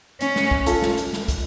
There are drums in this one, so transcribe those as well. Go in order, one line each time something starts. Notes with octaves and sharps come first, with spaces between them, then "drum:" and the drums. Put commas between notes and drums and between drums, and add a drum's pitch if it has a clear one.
C#4, drum: hi-hat
drum: snare
drum: kick
F4 A4, drum: hi-hat
drum: snare
drum: hi-hat
drum: snare
drum: kick, hi-hat